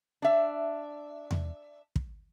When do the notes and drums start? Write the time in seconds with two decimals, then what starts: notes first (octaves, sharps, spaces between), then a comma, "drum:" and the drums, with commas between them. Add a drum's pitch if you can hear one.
0.22 D4 E5
1.31 drum: tom E2
1.96 drum: kick